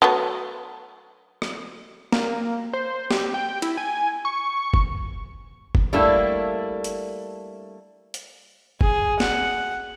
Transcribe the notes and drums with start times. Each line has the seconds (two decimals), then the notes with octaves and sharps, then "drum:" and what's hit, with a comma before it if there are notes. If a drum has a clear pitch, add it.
0.02 F#3 A3 B3
1.42 drum: rim click
2.12 A#3, drum: snare
2.73 C5
3.11 G4, drum: snare
3.34 G5
3.62 E4, drum: cymbal
3.77 G#5
4.25 C#6
4.74 drum: kick F#1
5.75 drum: kick F#1
5.93 G3 A3 A#3 D4 E4 A4
6.84 drum: hi-hat
8.14 drum: hi-hat
8.81 G#4, drum: kick F#1
9.20 F#5, drum: snare